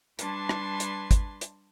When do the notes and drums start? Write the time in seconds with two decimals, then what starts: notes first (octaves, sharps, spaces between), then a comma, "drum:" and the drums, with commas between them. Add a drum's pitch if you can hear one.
0.19 G3 D4 B4 A5 C6 G#6, drum: hi-hat
0.49 drum: rim click
0.80 drum: hi-hat
1.11 drum: kick, hi-hat
1.41 drum: hi-hat